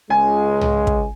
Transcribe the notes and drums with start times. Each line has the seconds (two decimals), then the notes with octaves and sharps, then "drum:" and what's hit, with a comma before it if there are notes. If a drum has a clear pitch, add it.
0.10 C#2 G#3 G#5
0.61 drum: tom
0.87 drum: kick